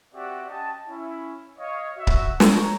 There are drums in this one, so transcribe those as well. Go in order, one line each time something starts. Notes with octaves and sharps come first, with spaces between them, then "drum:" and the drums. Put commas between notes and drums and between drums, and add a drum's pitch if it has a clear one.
C4 F#4 G4 D5 E5 F#5
C#4 D#5 G5 A5
C#4 E4
C#5 D#5 F5
F#4 E5
drum: kick C#1
C#5 A#5, drum: snare